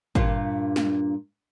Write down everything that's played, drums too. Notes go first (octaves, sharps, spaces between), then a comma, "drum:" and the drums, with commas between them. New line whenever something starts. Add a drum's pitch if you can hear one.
G2 A#2 F4, drum: kick G#1
drum: snare